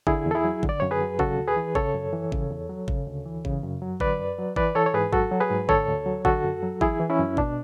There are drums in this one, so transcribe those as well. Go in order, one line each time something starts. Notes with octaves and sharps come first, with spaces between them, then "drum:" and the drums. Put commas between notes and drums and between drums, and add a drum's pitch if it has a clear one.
D3 E4 G#4, drum: kick G#1
E2
A4
E4 G#4
F#3
D3, drum: kick G#1
D5
F#2 C#5
G#4 B4
F#3
C#3 F#4 A4, drum: kick G#1
D2
G#4 B4
E3
C#3 A4 C#5, drum: kick G#1
F#2
E3
C#3, drum: kick G#1
E2
F#3
C#3, drum: kick G#1
D2
E3
C#3, drum: kick G#1
F#2
F#3
D3 B4 D5, drum: kick G#1
F#2
F#3
E3 B4 D5, drum: kick G#1
E3 A4 C#5
C#5
G#2 G#4 B4
F#3 F#4 A4, drum: kick G#1
F#3
G#4 B4
G#2
D3 A4 C#5, drum: kick G#1
D2
F#3
D3 F#4 A4, drum: kick G#1
F#2
F#3
E3 E4 G#4, drum: kick G#1
E3
C#4 E4
F#2
B2 D4, drum: kick G#1